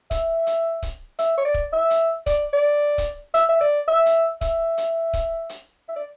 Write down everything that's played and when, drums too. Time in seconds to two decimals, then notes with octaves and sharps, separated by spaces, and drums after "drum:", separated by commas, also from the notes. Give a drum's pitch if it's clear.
0.11 E5, drum: kick C#1, hi-hat
0.47 drum: hi-hat
0.83 drum: kick C#1, hi-hat
1.19 E5, drum: hi-hat
1.38 C#5
1.45 D5
1.54 drum: kick C#1
1.73 E5
1.90 drum: hi-hat
2.26 D5, drum: kick C#1, hi-hat
2.53 D5
2.98 drum: kick C#1, hi-hat
3.34 E5, drum: hi-hat
3.49 E5
3.61 D5
3.88 E5
4.06 drum: hi-hat
4.41 E5, drum: kick C#1, hi-hat
4.78 drum: hi-hat
5.14 drum: kick C#1, hi-hat
5.49 drum: hi-hat
5.89 E5
5.96 D5